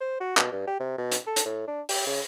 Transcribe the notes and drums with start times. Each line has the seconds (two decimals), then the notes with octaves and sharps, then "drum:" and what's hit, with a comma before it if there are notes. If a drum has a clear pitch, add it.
0.01 C5
0.21 F#4
0.37 B2, drum: clap
0.52 G2
0.68 G4
0.80 C3
0.98 B2
1.12 drum: hi-hat
1.27 A4
1.36 drum: hi-hat
1.46 A2
1.68 D4
1.89 G4, drum: open hi-hat
2.07 C#3